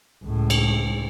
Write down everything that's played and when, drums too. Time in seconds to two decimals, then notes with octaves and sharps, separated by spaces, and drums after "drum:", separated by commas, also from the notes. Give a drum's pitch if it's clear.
0.24 C#2 A2
0.50 drum: cymbal